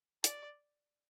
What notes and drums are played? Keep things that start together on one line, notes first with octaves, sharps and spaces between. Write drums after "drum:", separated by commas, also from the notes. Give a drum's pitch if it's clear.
D5, drum: hi-hat